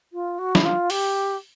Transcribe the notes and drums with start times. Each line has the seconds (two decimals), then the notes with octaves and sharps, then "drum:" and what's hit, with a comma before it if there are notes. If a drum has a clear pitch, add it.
0.12 F4
0.38 F#4
0.55 E4, drum: snare
0.65 F4
0.90 G4, drum: open hi-hat